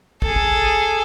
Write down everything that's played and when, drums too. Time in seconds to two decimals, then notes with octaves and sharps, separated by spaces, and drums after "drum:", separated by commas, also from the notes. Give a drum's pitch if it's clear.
0.22 G#4 A4, drum: kick
0.36 drum: kick